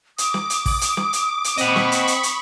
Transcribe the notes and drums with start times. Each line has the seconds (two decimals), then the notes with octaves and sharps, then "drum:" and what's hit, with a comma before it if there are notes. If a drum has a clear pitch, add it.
0.18 D6 D#6, drum: hi-hat
0.34 drum: snare
0.50 drum: hi-hat
0.66 drum: kick, open hi-hat
0.81 drum: hi-hat
0.97 drum: snare
1.13 drum: hi-hat
1.44 drum: hi-hat
1.58 C4 D#5 F#5 B5 C#6, drum: hi-hat
1.76 drum: snare
1.92 drum: hi-hat
2.07 drum: hi-hat
2.23 drum: hi-hat